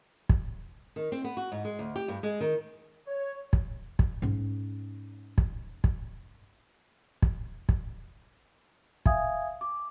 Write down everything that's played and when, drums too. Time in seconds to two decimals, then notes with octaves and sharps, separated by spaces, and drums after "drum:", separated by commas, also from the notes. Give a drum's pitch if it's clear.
0.29 drum: kick
0.96 D#3
1.12 C4
1.24 B3
1.37 F#4
1.52 G#2
1.65 G#3
1.79 D2
1.96 G4
2.08 G2
2.23 G#3
2.40 D#3
3.08 C#5
3.53 drum: kick
3.99 drum: kick
4.22 G#2 C#4
5.38 drum: kick
5.84 drum: kick
7.22 drum: kick
7.69 drum: kick
9.06 E5 F5 G#5 D#6 G#6, drum: kick
9.61 D6